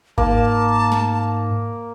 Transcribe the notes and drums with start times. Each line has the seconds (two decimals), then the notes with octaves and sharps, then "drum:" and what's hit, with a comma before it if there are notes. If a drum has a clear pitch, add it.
0.18 G#2 A#3 A5, drum: kick G1
0.92 drum: snare